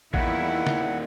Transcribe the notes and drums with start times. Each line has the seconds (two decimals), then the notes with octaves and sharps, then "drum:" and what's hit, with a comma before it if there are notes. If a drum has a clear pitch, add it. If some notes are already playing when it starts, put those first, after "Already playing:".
0.14 E2 A#2 D#3 E4 F#5, drum: kick A1
0.67 drum: snare